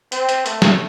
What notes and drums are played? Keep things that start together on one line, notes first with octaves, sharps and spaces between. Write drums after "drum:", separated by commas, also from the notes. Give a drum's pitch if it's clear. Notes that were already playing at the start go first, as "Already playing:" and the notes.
C4, drum: hi-hat
drum: hi-hat
A3, drum: hi-hat
drum: snare